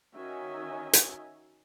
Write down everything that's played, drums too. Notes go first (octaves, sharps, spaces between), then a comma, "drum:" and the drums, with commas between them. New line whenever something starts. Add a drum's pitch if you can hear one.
D#3 C#4 F#4 D#5 E5 G#5
drum: hi-hat